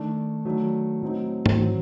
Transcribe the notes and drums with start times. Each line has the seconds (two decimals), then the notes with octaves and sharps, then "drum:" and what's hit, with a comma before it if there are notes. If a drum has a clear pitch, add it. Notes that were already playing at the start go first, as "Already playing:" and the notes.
Already playing: D#3 A3 D4
0.45 D#3 F#3 A3 D4
1.02 A2 F#3 C4 D#4
1.46 drum: tom
1.59 D#3 F#3 C4